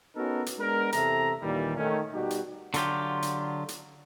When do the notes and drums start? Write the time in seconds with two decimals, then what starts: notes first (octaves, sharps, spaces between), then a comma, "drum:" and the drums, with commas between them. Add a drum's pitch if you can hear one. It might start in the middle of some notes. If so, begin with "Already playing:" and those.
0.16 B3 C#4 D#4 F#4 A4 A#4
0.46 drum: hi-hat
0.58 G#3 B3 D4 A#4
0.92 E2 C3 A4 E5 A#5, drum: hi-hat
1.41 D#2 A#2 D#3 E3 G3
1.77 D#3 A3 C#4
2.12 B2 G3 D#4 F#4 G4
2.30 drum: hi-hat
2.74 D3 F#3 F4 G4, drum: hi-hat
3.22 drum: hi-hat
3.68 drum: hi-hat